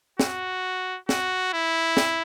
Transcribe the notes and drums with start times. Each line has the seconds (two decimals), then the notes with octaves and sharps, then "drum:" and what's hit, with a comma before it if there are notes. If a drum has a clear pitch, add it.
0.19 F#4, drum: snare
1.09 F#4, drum: snare
1.53 E4
1.97 drum: snare